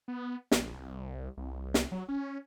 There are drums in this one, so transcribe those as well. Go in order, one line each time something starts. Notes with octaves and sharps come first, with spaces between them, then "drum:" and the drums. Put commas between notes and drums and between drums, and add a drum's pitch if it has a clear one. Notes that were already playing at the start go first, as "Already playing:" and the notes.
B3
A#1, drum: snare
C2
C2
drum: snare
F#3
C#4